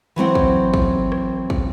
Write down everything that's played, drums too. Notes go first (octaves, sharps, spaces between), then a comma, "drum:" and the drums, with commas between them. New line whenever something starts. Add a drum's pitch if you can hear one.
E3 F#3 C4 F#5
drum: kick
drum: kick
drum: rim click
drum: kick